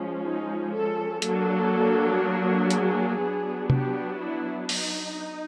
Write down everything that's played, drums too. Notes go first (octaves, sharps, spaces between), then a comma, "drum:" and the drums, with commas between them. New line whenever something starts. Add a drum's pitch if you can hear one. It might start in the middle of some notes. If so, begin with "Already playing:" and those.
Already playing: F3 G#3 C#4
D#4
A4
F#3 A#3 D4 A4, drum: hi-hat
G#4, drum: hi-hat
F#3 B3 D4
G4, drum: tom C3
E4
D#4, drum: open hi-hat